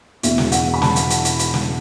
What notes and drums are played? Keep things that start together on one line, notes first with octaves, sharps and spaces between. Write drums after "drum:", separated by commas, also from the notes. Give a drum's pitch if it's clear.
E1 E2 B2 E5, drum: hi-hat
drum: snare
F#5, drum: hi-hat
B5
A5, drum: snare
drum: hi-hat
drum: hi-hat
drum: hi-hat
drum: hi-hat
drum: snare